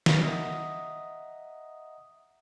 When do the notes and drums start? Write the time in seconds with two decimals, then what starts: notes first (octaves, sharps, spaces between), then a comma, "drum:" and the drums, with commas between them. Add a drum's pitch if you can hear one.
0.06 drum: snare
0.23 D#5 E5 F#5 A#5 D#6